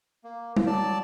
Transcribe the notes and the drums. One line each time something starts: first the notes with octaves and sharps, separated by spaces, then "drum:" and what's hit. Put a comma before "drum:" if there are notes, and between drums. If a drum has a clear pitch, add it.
A#3
drum: tom
F#3 D5 A5